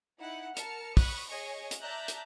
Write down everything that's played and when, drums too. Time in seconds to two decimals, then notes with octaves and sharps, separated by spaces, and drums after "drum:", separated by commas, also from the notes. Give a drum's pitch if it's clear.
0.19 D#4 E4 F#5
0.57 A#4 A5 F6 C#7, drum: hi-hat
0.97 B5 C#6 D#6 F#6, drum: kick, open hi-hat
1.29 G#4 C#5 D#5 G#5 C#6
1.71 drum: hi-hat
1.81 D5 E5 A5 A#5 F#6 G6
2.08 drum: hi-hat